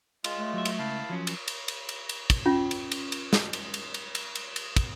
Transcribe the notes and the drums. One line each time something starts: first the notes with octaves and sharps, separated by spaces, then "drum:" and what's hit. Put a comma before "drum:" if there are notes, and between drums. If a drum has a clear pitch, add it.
G#3 F4, drum: cymbal
A3
F#3 E5
drum: cymbal
C#2 E4 F5 A5
F3 F#3 C#4
drum: cymbal
drum: cymbal
drum: cymbal
drum: cymbal
drum: cymbal
drum: kick, cymbal
C#4 F4
drum: cymbal
drum: cymbal
drum: cymbal
drum: snare
drum: cymbal
drum: cymbal
drum: cymbal
drum: cymbal
drum: cymbal
drum: cymbal
drum: kick, cymbal